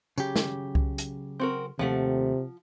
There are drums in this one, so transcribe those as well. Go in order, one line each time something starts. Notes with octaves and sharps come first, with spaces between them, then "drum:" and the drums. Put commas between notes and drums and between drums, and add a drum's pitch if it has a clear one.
C#3 F#3 G4, drum: tambourine
drum: snare
drum: kick C2
drum: hi-hat
C4 F#4 A#4
D#2 C3 F3 A3 F#5